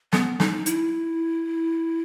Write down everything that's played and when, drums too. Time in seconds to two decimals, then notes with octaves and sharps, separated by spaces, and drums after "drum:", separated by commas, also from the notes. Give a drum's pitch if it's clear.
0.13 B3, drum: snare
0.40 D#4, drum: snare
0.66 E4, drum: hi-hat